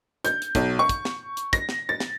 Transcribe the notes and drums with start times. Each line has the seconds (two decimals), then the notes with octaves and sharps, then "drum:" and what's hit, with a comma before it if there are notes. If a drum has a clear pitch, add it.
0.25 G6, drum: hi-hat
0.42 drum: hi-hat
0.55 B1, drum: kick, hi-hat
0.79 C#6
0.89 drum: kick, hi-hat
1.05 drum: snare
1.37 drum: hi-hat
1.53 A#6, drum: kick, hi-hat
1.69 drum: snare
1.89 A6
2.00 drum: snare